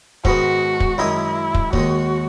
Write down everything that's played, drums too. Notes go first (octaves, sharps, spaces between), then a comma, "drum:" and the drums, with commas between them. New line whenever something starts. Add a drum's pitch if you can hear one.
G#2 D#3 G#3 B3 F#4, drum: kick
drum: kick
F#2 D#3 G#3 D#4 E4 G#4
drum: kick
D#2 D#3 G#3 F#4, drum: kick